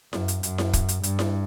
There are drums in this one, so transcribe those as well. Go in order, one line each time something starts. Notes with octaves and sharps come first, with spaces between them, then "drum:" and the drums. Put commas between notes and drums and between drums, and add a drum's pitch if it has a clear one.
F#2, drum: snare E4
drum: hi-hat
F#2, drum: hi-hat
drum: snare E4
drum: kick, hi-hat
drum: hi-hat
G2, drum: hi-hat
drum: snare E4